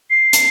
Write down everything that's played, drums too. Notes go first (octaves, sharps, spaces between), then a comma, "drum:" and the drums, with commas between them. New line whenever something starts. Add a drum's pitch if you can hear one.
C7
drum: hi-hat